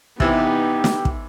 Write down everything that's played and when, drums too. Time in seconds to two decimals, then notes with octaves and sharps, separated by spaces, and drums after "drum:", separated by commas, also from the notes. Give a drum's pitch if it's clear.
0.20 C3 E3 B3 D#4 G4, drum: kick
0.84 drum: snare
1.05 drum: kick